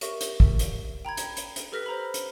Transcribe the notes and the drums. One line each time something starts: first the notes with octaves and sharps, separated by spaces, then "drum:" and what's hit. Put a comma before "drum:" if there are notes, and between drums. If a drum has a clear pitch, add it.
G4 A#4 E5 C#6 A#6, drum: hi-hat
drum: hi-hat
drum: kick
drum: hi-hat
G5 A#5 B5 G#6
drum: hi-hat
drum: hi-hat
drum: hi-hat
G4 A4 B4 F6 A#6 B6
C5 A#5 B5
drum: hi-hat